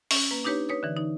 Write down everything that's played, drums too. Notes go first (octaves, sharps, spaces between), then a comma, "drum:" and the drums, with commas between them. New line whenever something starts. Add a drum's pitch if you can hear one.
C#4, drum: open hi-hat
A#3 B4
D4 D#4 G4 B4 C#5
B4 C#5 D#6
D3 E3
D#4